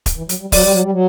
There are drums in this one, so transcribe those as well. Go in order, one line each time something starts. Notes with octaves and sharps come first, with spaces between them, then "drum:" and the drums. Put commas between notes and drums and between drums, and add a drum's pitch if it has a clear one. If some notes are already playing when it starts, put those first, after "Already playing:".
drum: kick, hi-hat
E3
F#3, drum: hi-hat
G3
F#3 D5, drum: kick, open hi-hat
G3
F#3
G3
F#3